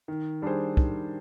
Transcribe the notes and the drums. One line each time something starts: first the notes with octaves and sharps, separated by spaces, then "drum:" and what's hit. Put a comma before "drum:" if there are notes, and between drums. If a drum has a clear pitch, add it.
D#3
G3 D4 G#4 C5
D#3, drum: kick